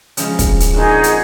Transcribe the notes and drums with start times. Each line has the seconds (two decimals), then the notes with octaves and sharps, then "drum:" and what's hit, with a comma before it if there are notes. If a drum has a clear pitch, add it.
0.17 C#3 F3 G#3, drum: hi-hat
0.39 drum: kick, hi-hat
0.60 drum: hi-hat
0.74 A#2 C4 D4 D#4 F#4 G#4
1.04 drum: hi-hat